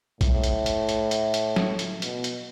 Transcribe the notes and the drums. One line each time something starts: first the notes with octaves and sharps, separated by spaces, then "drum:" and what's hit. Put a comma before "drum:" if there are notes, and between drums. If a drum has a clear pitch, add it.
A2, drum: kick A#1, hi-hat
drum: hi-hat
drum: hi-hat
drum: hi-hat
drum: hi-hat
drum: hi-hat
drum: snare
drum: hi-hat
B2, drum: hi-hat
drum: hi-hat